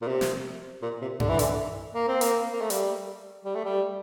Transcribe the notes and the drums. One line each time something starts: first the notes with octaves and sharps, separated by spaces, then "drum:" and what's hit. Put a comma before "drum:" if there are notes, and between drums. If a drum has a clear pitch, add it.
A#2
C3
drum: snare
A#2
C3
D3, drum: tom G2
E3
D3, drum: hi-hat
A#3
C4
A#3, drum: hi-hat
A#3
A3
G3, drum: hi-hat
G3
A3
G3